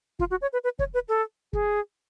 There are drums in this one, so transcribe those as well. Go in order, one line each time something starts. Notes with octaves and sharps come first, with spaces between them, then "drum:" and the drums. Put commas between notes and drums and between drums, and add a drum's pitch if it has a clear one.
F4, drum: kick
F#4
C#5
B4
B4
C#5, drum: kick
B4
A4
G#4, drum: kick